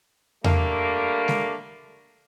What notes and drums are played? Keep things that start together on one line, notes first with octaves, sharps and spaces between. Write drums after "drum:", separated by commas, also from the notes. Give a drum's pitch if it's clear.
D3 G3 A3 A#3, drum: tom E2
drum: snare G#3